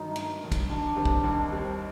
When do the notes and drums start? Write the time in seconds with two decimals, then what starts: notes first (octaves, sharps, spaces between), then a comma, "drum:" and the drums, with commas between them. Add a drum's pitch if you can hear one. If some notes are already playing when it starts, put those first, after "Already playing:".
Already playing: G1 G2 D#3 F#3 D#4
0.16 G1, drum: cymbal
0.43 G2 D#3 F#3
0.52 drum: kick, cymbal
0.69 D#2 D4
0.96 D#3 G3 C4
1.05 drum: kick
1.24 D#2
1.51 D#3 G3 C4